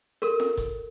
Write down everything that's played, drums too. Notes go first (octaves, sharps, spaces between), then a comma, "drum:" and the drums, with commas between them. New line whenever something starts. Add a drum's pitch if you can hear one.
A4 A#4, drum: hi-hat
drum: snare F4
drum: kick F1, hi-hat